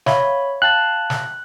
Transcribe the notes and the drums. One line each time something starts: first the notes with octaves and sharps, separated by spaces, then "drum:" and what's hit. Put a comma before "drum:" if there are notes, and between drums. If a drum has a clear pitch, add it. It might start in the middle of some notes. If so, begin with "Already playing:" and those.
C#5 E5 F5 B5, drum: snare
F5 G5 A5 F#6 A6
drum: snare